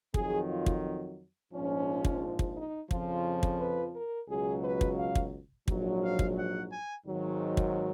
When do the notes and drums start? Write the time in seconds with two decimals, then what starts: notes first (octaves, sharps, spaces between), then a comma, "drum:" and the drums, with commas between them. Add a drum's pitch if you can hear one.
0.14 F2 D#3 F#3 G#4, drum: kick
0.49 F4
0.66 drum: kick
1.53 A#1 G#2 F3 C#4
2.05 drum: kick
2.39 drum: kick
2.56 D#4
2.91 F2 C#3 F3 F4, drum: kick
3.43 drum: kick
3.60 B4
3.95 A#4
4.29 C#2 B2 F#3 G#4
4.64 B4
4.81 drum: kick
4.99 F5
5.15 drum: kick
5.68 A#1 G#2 F#3, drum: kick
6.02 F5
6.19 drum: kick
6.37 F#5
6.70 G#5
7.06 G#1 G#2 D#3 F#3
7.57 drum: kick